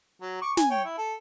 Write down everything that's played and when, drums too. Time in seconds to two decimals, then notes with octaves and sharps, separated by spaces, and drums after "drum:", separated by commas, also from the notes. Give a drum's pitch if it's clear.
0.21 F#3
0.42 C#6 D6
0.57 G#5, drum: snare
0.71 C#5 G5
0.85 E4
0.98 A4